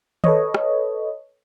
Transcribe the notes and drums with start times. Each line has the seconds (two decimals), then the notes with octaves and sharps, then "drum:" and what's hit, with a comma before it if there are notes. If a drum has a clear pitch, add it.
0.24 A4 B4 C#5 D#5, drum: tom D#3
0.54 drum: rim click